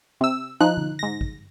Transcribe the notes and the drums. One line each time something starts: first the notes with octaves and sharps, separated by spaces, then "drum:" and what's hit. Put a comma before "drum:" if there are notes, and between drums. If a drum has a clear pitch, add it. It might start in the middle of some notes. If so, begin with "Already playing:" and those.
C3 E6
F3 D#4 F#6
drum: tom D3
G#2 A#6
drum: kick